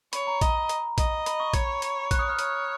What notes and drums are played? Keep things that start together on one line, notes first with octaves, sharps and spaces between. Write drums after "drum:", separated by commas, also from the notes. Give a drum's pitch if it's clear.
C#5 B5, drum: hi-hat
A#5
D#5 A#5, drum: kick A#1, hi-hat
drum: hi-hat
D#5, drum: kick A#1, hi-hat
B5, drum: hi-hat
C#6
C#5 G#6, drum: kick A#1, hi-hat
drum: hi-hat
F#6, drum: kick A#1, hi-hat
D#6
F6
C#5, drum: hi-hat